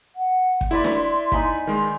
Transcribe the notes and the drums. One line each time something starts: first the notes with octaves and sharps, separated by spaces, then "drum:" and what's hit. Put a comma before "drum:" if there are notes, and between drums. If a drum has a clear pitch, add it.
F#5
drum: kick
E4 B4 D5 B5 C6
drum: snare
D#4 G#5 B5, drum: kick
D#3 G#3 C6